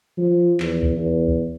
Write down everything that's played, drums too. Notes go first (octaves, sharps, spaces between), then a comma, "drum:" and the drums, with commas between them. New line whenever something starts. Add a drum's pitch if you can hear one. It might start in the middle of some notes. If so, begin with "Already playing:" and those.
F3
E2, drum: clap
drum: kick
E2
drum: kick